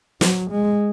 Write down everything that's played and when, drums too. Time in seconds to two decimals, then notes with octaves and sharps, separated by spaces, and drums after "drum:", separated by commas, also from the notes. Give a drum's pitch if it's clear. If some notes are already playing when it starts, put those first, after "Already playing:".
0.21 F#3, drum: snare
0.51 G#3